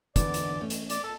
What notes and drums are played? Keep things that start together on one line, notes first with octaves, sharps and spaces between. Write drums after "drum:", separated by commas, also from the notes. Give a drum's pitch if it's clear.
D3 E3 B3 D5, drum: kick, hi-hat
drum: hi-hat
A3 C#4
drum: hi-hat
D5, drum: hi-hat
A4